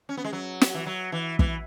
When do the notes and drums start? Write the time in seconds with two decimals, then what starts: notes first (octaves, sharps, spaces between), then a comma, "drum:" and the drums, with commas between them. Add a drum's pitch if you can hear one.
0.09 C#4
0.17 B3
0.25 G#3
0.33 F#3
0.61 drum: snare
0.74 E3
0.86 F#3
1.12 E3
1.39 E3, drum: kick